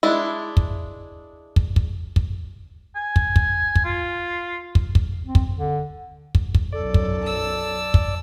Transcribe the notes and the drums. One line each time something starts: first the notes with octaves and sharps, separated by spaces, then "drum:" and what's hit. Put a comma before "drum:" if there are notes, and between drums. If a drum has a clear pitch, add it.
G#3 D4 E4
drum: kick
drum: kick
drum: kick
drum: kick
G#5
drum: kick
drum: kick
drum: kick
F4
drum: kick
drum: kick
C4
drum: kick
D3
drum: kick
drum: kick
B1 F#2 A4 D5
drum: kick
A5 E6
drum: kick